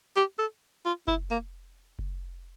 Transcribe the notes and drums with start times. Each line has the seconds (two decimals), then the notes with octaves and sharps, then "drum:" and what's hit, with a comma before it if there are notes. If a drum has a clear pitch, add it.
0.16 G4
0.39 A4
0.85 F4
1.08 E4, drum: kick F#1
1.30 A#3
1.99 drum: kick F#1